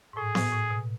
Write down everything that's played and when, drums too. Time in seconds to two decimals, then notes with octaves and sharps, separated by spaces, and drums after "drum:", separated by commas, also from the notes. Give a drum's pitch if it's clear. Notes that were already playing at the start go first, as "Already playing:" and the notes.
0.13 G#2
0.17 A2 G#4
0.35 A2, drum: snare B3
0.52 A2
0.70 B2